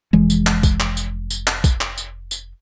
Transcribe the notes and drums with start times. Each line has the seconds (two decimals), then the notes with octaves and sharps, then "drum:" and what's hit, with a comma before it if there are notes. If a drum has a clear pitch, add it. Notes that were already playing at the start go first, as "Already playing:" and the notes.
0.13 F1 E3 G#3
0.30 drum: tambourine
0.47 drum: clap
0.63 drum: kick A#1, tambourine
0.80 drum: clap
0.97 drum: tambourine
1.30 drum: tambourine
1.47 drum: clap
1.64 drum: kick A#1, tambourine
1.81 drum: clap
1.98 drum: tambourine
2.31 drum: tambourine